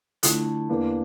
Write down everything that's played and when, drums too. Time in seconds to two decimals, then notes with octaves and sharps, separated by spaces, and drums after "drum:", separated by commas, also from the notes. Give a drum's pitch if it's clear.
0.23 D3 A3 E4 F4 A4, drum: hi-hat
0.69 E2 E3 A#3 D4